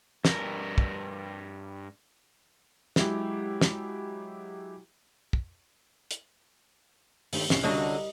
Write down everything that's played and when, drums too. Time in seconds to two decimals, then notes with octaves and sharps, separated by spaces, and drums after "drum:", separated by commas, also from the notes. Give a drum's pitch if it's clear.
0.25 G2 A#4, drum: snare
0.78 drum: kick
2.96 F#3 G#3 E4 G4, drum: snare
3.61 drum: snare
5.33 drum: kick
6.11 drum: hi-hat
7.33 G2 D#3 A3 C5, drum: open hi-hat
7.50 C2 C4 C#4 D#4 C7, drum: snare
7.63 D3 F#3 G3 D4 A#4 D#5